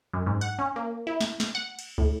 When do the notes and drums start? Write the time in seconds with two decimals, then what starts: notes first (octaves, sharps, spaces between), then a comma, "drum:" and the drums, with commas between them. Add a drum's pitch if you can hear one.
0.14 F#2
0.26 G#2
0.41 F#5
0.59 C#4
0.76 A#3
1.07 E4
1.21 drum: snare
1.40 drum: snare
1.55 F#5
1.79 drum: cymbal
1.98 A2, drum: kick